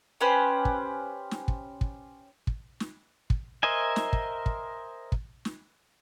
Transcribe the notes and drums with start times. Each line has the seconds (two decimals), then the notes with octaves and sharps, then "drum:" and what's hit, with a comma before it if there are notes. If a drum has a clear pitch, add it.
0.21 C#4 G4 B4 C5
0.65 drum: kick
1.31 drum: snare
1.48 drum: kick
1.81 drum: kick
2.47 drum: kick
2.80 drum: snare
3.30 drum: kick
3.63 A#4 C5 D#5 E5 G#5
3.96 drum: snare
4.13 drum: kick
4.46 drum: kick
5.12 drum: kick
5.45 drum: snare